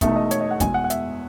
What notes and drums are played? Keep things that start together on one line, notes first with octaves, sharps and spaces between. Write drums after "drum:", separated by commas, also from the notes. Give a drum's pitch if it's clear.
E1 E2 B2 A3 D#4 E5, drum: kick, hi-hat
D#5
C#5, drum: hi-hat
D#5
F#5
E2 B2 G#3 G#5, drum: kick, hi-hat
F#5
F#5
E5, drum: hi-hat